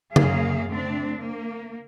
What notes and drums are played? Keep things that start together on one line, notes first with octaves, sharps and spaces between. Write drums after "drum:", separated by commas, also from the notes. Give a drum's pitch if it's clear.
F#2 F#3 A#3 G#4 F5, drum: tom C#3
A3 C4 D4
A#3